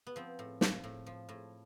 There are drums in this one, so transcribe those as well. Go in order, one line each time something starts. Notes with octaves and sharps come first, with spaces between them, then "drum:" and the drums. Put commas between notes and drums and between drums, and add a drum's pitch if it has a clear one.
B3
F3 C4
A2
F3, drum: snare
A2
F3
A2